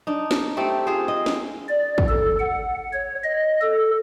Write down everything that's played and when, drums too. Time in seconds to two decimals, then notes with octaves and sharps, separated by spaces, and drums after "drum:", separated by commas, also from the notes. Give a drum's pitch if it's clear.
0.07 D4 D#4
0.31 drum: snare
0.57 A3 C4 G4 A4
0.87 F4 G#4 C5
1.08 D#5
1.26 drum: snare
1.69 D5
1.98 drum: kick
2.08 A4
2.39 F#5
2.93 C#5
3.24 D#5
3.61 A4